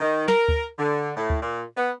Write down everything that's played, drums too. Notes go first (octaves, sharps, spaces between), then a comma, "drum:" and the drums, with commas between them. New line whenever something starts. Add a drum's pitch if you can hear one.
D#3
A#4, drum: snare
drum: kick D2
D3
A2
drum: kick D2
A#2
B3